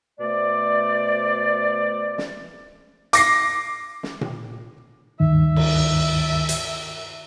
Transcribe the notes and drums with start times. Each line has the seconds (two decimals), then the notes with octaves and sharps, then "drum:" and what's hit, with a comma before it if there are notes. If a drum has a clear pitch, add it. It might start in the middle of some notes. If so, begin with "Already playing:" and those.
0.19 B2 A3 C5 D5
2.18 drum: snare
3.13 D6 A#6 C7, drum: hi-hat
4.03 drum: snare
4.21 drum: tom A#2
5.20 D2 G2 D#3 E5
5.56 drum: cymbal
6.49 drum: hi-hat